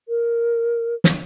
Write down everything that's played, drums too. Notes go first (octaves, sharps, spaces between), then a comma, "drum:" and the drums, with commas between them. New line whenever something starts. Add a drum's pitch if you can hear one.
A#4
drum: snare